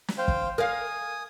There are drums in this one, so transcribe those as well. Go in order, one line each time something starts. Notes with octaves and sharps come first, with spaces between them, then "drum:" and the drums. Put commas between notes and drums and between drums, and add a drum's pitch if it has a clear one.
drum: snare
C5 F5 G5
drum: kick
A#4 F5 G#5 D#6